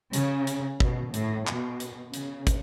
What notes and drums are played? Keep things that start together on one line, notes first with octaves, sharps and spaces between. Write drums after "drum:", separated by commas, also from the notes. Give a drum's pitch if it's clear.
C#3, drum: hi-hat
drum: hi-hat
B2, drum: kick
A2, drum: hi-hat
B2, drum: clap
drum: hi-hat
C#3, drum: hi-hat
drum: kick, hi-hat